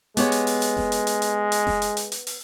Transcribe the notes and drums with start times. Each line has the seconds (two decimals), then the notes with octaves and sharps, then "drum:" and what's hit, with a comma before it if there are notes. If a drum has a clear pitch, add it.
0.17 G#3 B3 G4 C#5, drum: hi-hat
0.32 drum: hi-hat
0.47 drum: open hi-hat
0.62 drum: hi-hat
0.77 drum: snare F1
0.92 drum: hi-hat
1.07 drum: hi-hat
1.22 drum: hi-hat
1.52 drum: hi-hat
1.67 drum: snare F1
1.82 drum: hi-hat
1.97 drum: hi-hat
2.12 drum: hi-hat
2.27 drum: open hi-hat